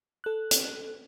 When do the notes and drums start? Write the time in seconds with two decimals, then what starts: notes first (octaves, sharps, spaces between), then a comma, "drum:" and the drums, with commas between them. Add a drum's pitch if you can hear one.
0.24 A4 F#6
0.51 drum: hi-hat